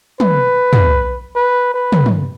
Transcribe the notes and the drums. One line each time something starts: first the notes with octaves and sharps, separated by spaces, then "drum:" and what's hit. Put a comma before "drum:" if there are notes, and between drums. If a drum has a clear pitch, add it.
B4, drum: tom
drum: tom
B4
B4
drum: tom
drum: tom